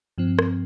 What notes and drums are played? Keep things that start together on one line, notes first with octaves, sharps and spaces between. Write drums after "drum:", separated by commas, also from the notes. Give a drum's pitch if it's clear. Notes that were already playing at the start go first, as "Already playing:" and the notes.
G2 F3 C4
drum: rim click